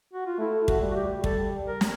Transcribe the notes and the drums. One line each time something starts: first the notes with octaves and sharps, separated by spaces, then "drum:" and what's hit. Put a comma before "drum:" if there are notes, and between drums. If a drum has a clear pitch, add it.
F#4
F4
A3 E4
F#4, drum: kick
G3
F#4
G4
G3 A4, drum: kick
A#4
drum: snare